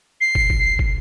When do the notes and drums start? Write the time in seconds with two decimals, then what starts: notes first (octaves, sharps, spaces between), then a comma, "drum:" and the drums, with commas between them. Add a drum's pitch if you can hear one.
0.21 C7
0.35 drum: kick
0.50 drum: kick
0.79 drum: kick